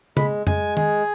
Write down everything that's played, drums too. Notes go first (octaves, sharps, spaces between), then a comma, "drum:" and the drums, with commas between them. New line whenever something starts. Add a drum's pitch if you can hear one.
G#3 B5, drum: tom
G#3 G#5, drum: tom F2
G#4, drum: tom